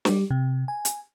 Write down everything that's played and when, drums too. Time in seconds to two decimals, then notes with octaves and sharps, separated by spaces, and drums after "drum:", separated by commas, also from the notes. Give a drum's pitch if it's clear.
0.05 G3 G4, drum: snare
0.30 C3
0.68 G#5
0.85 drum: hi-hat